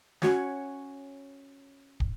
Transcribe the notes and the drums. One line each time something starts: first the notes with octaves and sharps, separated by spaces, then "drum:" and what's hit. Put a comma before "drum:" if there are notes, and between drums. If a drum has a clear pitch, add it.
C#4 D4 F#4 C#5, drum: snare
drum: kick